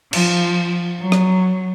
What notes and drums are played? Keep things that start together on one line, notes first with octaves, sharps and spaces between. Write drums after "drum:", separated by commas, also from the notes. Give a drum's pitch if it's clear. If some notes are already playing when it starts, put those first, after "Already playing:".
F3, drum: cymbal
F#3
drum: rim click